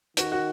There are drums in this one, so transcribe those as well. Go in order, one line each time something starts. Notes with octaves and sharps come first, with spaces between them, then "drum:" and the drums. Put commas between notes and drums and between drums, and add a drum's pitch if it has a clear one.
D#3 F#4, drum: hi-hat
F#4